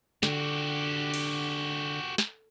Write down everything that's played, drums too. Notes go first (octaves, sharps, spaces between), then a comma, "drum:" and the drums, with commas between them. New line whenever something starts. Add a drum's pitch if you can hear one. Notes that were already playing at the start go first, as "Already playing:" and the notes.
D3 F#4 G4, drum: snare
drum: cymbal
drum: snare